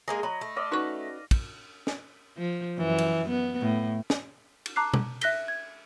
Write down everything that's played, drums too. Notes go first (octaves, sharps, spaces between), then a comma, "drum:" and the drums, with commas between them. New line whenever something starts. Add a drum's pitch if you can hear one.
G#3 A#3 G#4 D#5
F#3 B5
A3
D5 D#5 F5
C#4 D#4 F#4 B4 C#6
drum: kick, cymbal
drum: snare
F3
F#2 E3
drum: cymbal
B3
A2
drum: snare
drum: cymbal
A5 A#5 D6 F#6 C7
drum: tom
E5 F#6 A#6 B6 G7, drum: cymbal
G#6